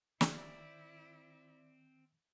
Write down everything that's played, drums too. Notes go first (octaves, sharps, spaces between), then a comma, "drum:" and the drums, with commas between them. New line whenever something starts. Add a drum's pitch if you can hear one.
D#3 C4 E4 D5 D6 E6, drum: snare